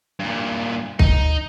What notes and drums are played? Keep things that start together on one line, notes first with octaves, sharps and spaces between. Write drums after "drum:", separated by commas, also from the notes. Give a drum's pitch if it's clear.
G2 A#2
D#4, drum: kick